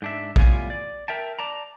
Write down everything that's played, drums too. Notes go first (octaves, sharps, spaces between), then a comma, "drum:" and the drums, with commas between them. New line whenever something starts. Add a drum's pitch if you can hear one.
G#2 D4 E5
E2 A2 G3 F4 G#5, drum: kick A#1
D5
A#4 E5 G5 A5
D5 A5 A#5